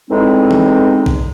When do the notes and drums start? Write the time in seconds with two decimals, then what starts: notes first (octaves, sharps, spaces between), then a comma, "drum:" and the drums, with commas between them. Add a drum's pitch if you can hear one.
0.10 E2 A2 G#3 C4 D#4
0.51 drum: tom E3
1.06 drum: kick A#1